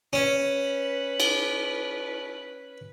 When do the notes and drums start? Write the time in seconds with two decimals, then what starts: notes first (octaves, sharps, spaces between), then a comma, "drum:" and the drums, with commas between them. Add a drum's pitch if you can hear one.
0.13 C#4 B4
1.20 drum: cymbal